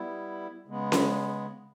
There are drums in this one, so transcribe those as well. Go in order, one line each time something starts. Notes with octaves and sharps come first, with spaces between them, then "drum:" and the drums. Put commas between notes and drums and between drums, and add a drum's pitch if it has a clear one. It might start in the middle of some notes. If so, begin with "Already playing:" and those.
Already playing: G3 B3 E4
C#3 G#3 B3
drum: snare C#4